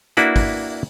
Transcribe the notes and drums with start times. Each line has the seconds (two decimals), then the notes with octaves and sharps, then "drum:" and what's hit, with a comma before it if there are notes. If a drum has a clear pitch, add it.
0.17 A#3 D4 E4 F#4 B4, drum: hi-hat
0.36 drum: kick, open hi-hat